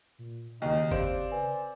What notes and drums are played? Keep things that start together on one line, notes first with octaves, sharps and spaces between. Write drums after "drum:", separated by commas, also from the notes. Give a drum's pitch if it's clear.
A#2
D#2 C#3 D#4 F#4 D#5
C4 G4 D5 F5 D7, drum: kick F#1
B4 G#5